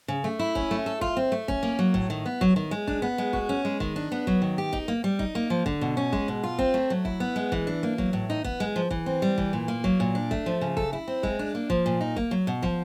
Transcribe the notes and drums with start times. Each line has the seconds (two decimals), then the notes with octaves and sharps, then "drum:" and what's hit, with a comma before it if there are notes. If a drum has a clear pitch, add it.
0.08 C#3
0.24 A3
0.39 E4
0.55 C#4, drum: kick
0.71 A3
0.86 A4
1.01 F4, drum: kick
1.17 C4
1.32 A3
1.48 C#4, drum: kick
1.63 A#3
1.79 F#3
1.94 A2, drum: kick
2.10 D#3
2.26 B3
2.41 F#3, drum: kick
2.56 D#3
2.71 G#3
2.87 D4, drum: kick
3.02 B3
3.18 G#3
3.33 F#4, drum: kick
3.49 C#4
3.65 G#3
3.80 D#3, drum: kick
3.96 D4
4.12 B3
4.27 F#3, drum: kick
4.42 D#3
4.58 G4
4.73 D#4, drum: kick
4.88 A#3
5.04 G3
5.19 D#4, drum: kick
5.35 A#3
5.50 F3
5.66 D3, drum: kick
5.81 B2
5.97 C#4
6.13 G#3, drum: kick
6.28 B2
6.44 F4
6.59 C4, drum: kick
6.74 A3
6.90 F#3
7.05 E4, drum: kick
7.20 B3
7.36 G#3
7.52 E3, drum: kick
7.67 D4
7.83 A#3
7.98 F#3, drum: kick
8.13 A2
8.30 D#4
8.44 B3, drum: kick
8.60 G#3
8.76 F3
8.91 E3, drum: kick
9.06 C4
9.22 G3
9.38 E3, drum: kick
9.53 A#2
9.68 A#3
9.84 F#3, drum: kick
10.00 A#2
10.15 D4
10.31 A3, drum: kick
10.46 F3
10.61 C#3
10.77 A4, drum: kick
10.93 E4
11.08 C4
11.23 G#3, drum: kick
11.39 D4
11.55 A#3
11.70 F3, drum: kick
11.86 A#2
12.01 D#4
12.16 A#3, drum: kick
12.31 F#3
12.47 B2
12.63 F3, drum: kick